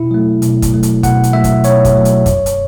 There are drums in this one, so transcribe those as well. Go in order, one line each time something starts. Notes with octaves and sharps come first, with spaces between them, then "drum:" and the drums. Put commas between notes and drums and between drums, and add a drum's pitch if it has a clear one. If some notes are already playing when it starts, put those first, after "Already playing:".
Already playing: B2 E4
F#3 A3
B2, drum: hi-hat
drum: kick, hi-hat
F#3 A3
drum: hi-hat
B2 F#5, drum: kick, hi-hat
drum: hi-hat
F#3 A3 E5
drum: kick, hi-hat
B2 C#5, drum: hi-hat
drum: kick, hi-hat
F#3 A3
drum: hi-hat
F#2, drum: kick, hi-hat
drum: hi-hat